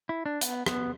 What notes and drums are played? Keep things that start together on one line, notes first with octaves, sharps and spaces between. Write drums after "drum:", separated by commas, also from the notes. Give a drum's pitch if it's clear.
E4
D4
B3, drum: hi-hat
B3, drum: rim click